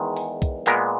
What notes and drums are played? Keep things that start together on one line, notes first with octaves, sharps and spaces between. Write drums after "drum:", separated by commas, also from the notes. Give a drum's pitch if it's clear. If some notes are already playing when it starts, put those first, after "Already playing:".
Already playing: E2 D#3 G#3
drum: open hi-hat
drum: kick B1, hi-hat
A#2 G#3 B3 A#4, drum: clap